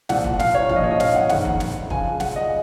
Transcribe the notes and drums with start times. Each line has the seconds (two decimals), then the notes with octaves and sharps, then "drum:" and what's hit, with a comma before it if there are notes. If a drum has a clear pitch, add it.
0.09 C2 A#2 F3 F#5, drum: snare
0.24 drum: kick
0.39 F5, drum: snare
0.55 C#5
0.69 A#1 A#2 F3 F5, drum: kick
0.76 D#5
0.84 C#5
0.91 D#5
1.00 F5, drum: snare
1.15 F#5
1.29 F#1 F2 D#3 F#5, drum: snare
1.45 drum: kick
1.60 drum: snare
1.90 C#2 C#3 F3 G#5, drum: kick
2.20 F#5, drum: snare
2.36 D#5